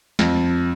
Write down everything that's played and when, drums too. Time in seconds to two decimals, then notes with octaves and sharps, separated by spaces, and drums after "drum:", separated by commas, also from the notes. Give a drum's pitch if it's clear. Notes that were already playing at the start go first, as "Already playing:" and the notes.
0.19 F2, drum: snare